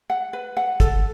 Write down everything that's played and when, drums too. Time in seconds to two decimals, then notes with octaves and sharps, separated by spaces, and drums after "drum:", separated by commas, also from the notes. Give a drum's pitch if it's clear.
0.10 F#5
0.33 B4
0.57 F#5
0.80 A4, drum: kick, hi-hat